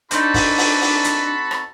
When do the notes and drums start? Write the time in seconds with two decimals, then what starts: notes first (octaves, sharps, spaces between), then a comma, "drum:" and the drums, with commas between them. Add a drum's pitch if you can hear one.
0.11 C4 D4 D#4 F#4 A4 B5, drum: hi-hat
0.34 drum: kick G1, open hi-hat
0.58 drum: open hi-hat
0.81 drum: open hi-hat
1.04 drum: hi-hat
1.51 drum: rim click